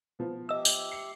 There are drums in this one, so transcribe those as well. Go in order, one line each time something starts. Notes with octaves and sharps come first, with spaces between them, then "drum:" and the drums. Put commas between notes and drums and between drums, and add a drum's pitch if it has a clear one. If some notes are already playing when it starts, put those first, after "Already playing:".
F3 B3
G4 D#5 E5 E6
drum: tambourine
C7 C#7